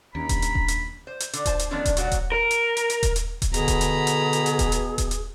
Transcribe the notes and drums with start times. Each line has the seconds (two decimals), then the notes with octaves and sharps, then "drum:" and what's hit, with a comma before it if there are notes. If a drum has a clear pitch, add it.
0.15 D#2 C#4 D4 A#5 B5
0.29 drum: kick D#1, hi-hat
0.42 drum: hi-hat
0.55 drum: kick D#1
0.68 drum: hi-hat
1.07 C5
1.20 drum: hi-hat
1.33 D3, drum: hi-hat
1.46 F4 C5 A5, drum: kick D#1, hi-hat
1.59 drum: hi-hat
1.71 D3 D#3 F3 B3 C#4 D4
1.85 drum: kick D#1, hi-hat
1.97 A#2 F#3 F#4 C#5 D5 F#5, drum: hi-hat
2.12 drum: kick D#1, hi-hat
2.32 A#4
2.51 drum: hi-hat
2.77 drum: hi-hat
2.90 drum: hi-hat
3.03 drum: kick D#1, hi-hat
3.16 drum: hi-hat
3.42 drum: kick D#1, hi-hat
3.54 B2 D3 G#4 A#5 B5, drum: hi-hat
3.68 drum: kick D#1, hi-hat
3.81 drum: hi-hat
4.07 drum: hi-hat
4.33 drum: hi-hat
4.46 drum: hi-hat
4.59 drum: kick D#1, hi-hat
4.72 drum: hi-hat
4.98 drum: kick D#1, hi-hat
5.11 drum: hi-hat